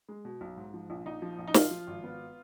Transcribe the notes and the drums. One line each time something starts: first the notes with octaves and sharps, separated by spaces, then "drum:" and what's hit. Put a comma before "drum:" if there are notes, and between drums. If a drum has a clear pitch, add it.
G#3
B2
B1
G#2
F3
A#1
A#1 D#4
F3
A#1
D#4
F3 F4, drum: snare
F3
G#1
B3